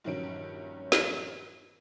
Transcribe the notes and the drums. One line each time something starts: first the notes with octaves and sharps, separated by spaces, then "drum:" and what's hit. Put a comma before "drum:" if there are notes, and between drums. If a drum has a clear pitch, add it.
A#1 G2 D#3 F#3 C#4 D7
drum: snare